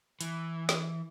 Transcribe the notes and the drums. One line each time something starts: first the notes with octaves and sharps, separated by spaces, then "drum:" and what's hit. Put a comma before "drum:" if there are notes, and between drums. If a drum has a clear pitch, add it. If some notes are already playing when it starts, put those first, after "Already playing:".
E3, drum: hi-hat
drum: snare